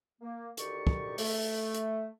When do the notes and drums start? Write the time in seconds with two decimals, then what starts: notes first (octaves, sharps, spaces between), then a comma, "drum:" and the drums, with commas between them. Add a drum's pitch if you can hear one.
0.21 A#3
0.57 D2 D#3 G4 D5 C#6, drum: hi-hat
0.87 drum: kick
1.18 A3, drum: open hi-hat
1.74 drum: hi-hat